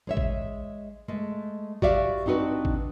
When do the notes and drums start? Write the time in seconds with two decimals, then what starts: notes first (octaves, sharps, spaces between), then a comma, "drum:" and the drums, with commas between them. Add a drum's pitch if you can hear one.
0.07 G#3 C#5 E5
0.17 drum: kick A1
1.08 G#3 A3
1.82 F#4 G4 D5 E5 F5, drum: kick A1
2.26 C4 D4 D#4 F#4 B4
2.65 drum: kick A1